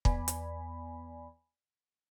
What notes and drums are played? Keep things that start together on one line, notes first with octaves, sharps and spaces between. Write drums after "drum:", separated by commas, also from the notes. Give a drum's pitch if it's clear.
E2 B3 D5 G#5 B5, drum: kick
drum: hi-hat